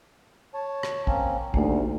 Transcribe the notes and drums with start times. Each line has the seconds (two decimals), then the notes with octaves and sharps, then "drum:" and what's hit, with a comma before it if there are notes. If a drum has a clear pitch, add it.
0.54 C#5 A5
0.83 drum: rim click
1.07 A#3 C4 C#4, drum: kick
1.54 D2 C3 A3 A#3 D#4, drum: kick